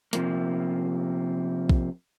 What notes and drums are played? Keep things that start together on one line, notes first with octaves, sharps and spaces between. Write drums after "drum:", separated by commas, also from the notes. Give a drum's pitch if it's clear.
C3 F3 A#3, drum: hi-hat
drum: kick